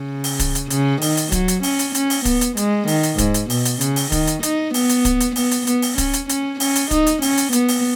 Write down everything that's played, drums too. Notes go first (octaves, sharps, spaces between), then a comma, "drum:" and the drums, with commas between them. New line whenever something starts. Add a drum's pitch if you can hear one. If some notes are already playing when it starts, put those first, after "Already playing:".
Already playing: C#3
drum: open hi-hat
drum: kick, hi-hat
drum: hi-hat
C#3, drum: hi-hat
D#3, drum: open hi-hat
drum: hi-hat
F#3, drum: kick, hi-hat
drum: hi-hat
C#4, drum: open hi-hat
drum: hi-hat
C#4, drum: hi-hat
drum: open hi-hat
B3, drum: kick, hi-hat
drum: hi-hat
G#3, drum: hi-hat
D#3, drum: open hi-hat
drum: hi-hat
G#2, drum: kick, hi-hat
drum: hi-hat
B2, drum: open hi-hat
drum: hi-hat
C#3, drum: hi-hat
drum: open hi-hat
D#3, drum: kick, hi-hat
drum: hi-hat
D#4, drum: hi-hat
B3, drum: open hi-hat
drum: hi-hat
drum: kick, hi-hat
drum: hi-hat
B3, drum: open hi-hat
drum: hi-hat
B3, drum: hi-hat
drum: open hi-hat
C#4, drum: kick, hi-hat
drum: hi-hat
C#4, drum: hi-hat
C#4, drum: open hi-hat
drum: hi-hat
D#4, drum: kick, hi-hat
drum: hi-hat
C#4, drum: open hi-hat
drum: hi-hat
B3, drum: hi-hat
drum: open hi-hat